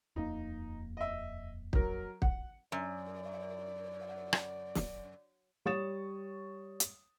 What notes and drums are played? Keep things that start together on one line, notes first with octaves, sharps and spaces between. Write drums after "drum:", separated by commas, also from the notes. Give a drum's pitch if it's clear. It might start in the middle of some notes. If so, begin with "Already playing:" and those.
D#1 F2 A#3 D#4
D#5 E5
F#3 A#4, drum: kick
F#5, drum: kick
F#2 D5
drum: rim click
drum: snare
G3 C#5 C#6 D#6 A6 E7
drum: hi-hat